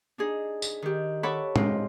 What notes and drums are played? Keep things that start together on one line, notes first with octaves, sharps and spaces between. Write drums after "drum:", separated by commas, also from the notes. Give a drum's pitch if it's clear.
D4 D#4 G#4
drum: tambourine
D#3 G4
A4 C#5 F#5 B5 C#6 D6
G#3 C4 F4, drum: tom